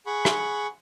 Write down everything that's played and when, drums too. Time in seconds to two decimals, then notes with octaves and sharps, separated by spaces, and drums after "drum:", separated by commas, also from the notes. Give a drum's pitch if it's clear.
0.06 G#4 F#5 B5 C#6
0.25 drum: rim click